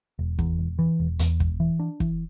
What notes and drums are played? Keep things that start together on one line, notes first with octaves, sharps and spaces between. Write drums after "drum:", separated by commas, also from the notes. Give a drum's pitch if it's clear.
E1
E2, drum: kick
E1
E3
E1
E2, drum: hi-hat
E1, drum: kick
E3
D4
E3, drum: kick